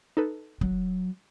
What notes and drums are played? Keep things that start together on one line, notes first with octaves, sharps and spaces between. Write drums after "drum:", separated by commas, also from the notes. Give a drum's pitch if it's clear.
D#4 A4 B4
F#3, drum: kick